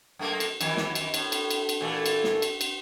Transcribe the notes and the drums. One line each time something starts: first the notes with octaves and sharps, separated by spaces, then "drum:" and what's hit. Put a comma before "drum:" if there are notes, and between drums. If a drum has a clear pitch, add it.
F#2 A3 A#3
drum: cymbal
F2 D#3 E3, drum: cymbal
drum: snare
drum: cymbal
A2, drum: cymbal
drum: cymbal
drum: cymbal
drum: cymbal
A#2 E3 A3
drum: cymbal
drum: snare
drum: cymbal
drum: cymbal